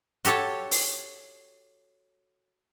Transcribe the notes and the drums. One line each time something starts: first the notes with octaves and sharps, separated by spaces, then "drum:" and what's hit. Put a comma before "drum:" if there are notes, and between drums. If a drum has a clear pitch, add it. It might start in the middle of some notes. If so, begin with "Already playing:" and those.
F#4 G4 A4 C#5 A5, drum: hi-hat
drum: open hi-hat